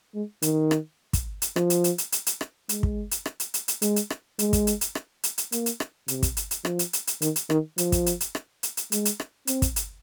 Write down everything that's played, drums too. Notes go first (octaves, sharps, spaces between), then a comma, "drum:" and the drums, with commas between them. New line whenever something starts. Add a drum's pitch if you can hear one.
G#3
D#3, drum: hi-hat
drum: rim click
drum: kick, hi-hat
drum: hi-hat
F3, drum: rim click
drum: hi-hat
drum: hi-hat
drum: hi-hat
drum: hi-hat
drum: hi-hat
drum: rim click
G#3, drum: hi-hat
drum: kick
drum: hi-hat
drum: rim click
drum: hi-hat
drum: hi-hat
drum: hi-hat
G#3, drum: hi-hat
drum: hi-hat
drum: rim click
G#3, drum: hi-hat
drum: kick, hi-hat
drum: hi-hat
drum: hi-hat
drum: rim click
drum: hi-hat
drum: hi-hat
A#3, drum: hi-hat
drum: hi-hat
drum: rim click
C3, drum: hi-hat
drum: kick, hi-hat
drum: hi-hat
drum: hi-hat
F3, drum: rim click
drum: hi-hat
drum: hi-hat
drum: hi-hat
D#3, drum: hi-hat
drum: hi-hat
D#3, drum: rim click
F3, drum: hi-hat
drum: kick, hi-hat
drum: hi-hat
drum: hi-hat
drum: rim click
drum: hi-hat
drum: hi-hat
G#3, drum: hi-hat
drum: hi-hat
drum: rim click
C4, drum: hi-hat
drum: kick, hi-hat
drum: hi-hat